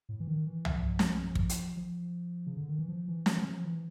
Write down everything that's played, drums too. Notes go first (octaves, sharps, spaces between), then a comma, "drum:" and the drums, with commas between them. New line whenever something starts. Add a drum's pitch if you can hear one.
A2
E3
D#3
E3
F3, drum: tom C2
drum: snare
drum: kick
drum: hi-hat
F3
C#3
D3
D#3
E3
F3
E3
E3, drum: snare
F#3
F3
E3